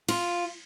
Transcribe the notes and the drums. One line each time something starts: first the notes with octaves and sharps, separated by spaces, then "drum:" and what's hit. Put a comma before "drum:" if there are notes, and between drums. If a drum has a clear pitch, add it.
F4, drum: cymbal